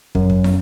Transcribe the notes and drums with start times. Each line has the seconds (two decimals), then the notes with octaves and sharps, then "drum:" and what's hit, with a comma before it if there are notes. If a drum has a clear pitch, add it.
0.15 F#2, drum: kick
0.30 drum: kick
0.44 drum: snare